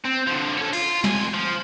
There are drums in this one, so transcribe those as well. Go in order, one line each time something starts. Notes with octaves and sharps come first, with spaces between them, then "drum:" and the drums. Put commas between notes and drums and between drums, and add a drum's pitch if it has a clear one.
C4
D3 F3
C#4 A4
F4, drum: cymbal
F2 G#5, drum: snare
F3